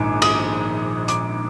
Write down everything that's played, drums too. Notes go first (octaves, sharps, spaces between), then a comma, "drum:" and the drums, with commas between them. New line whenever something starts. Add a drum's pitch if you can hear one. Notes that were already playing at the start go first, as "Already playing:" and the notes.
Already playing: A#1 G#2 D#3 G#5 D6
D#6, drum: cymbal
D6, drum: hi-hat